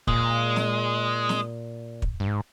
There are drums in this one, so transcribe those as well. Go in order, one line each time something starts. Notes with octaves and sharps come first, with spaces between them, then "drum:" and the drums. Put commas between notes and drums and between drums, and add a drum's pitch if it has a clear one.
A#2 G#3, drum: kick
drum: snare
drum: snare
drum: kick
G2
G#2